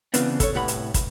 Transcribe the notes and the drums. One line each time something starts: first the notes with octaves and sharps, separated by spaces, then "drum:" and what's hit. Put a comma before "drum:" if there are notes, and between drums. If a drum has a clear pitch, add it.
C#3 E3 B3 C4 D4, drum: hi-hat
A4 C#5, drum: kick, hi-hat
C2 A2 B4 F#5 B5
drum: hi-hat
drum: kick, hi-hat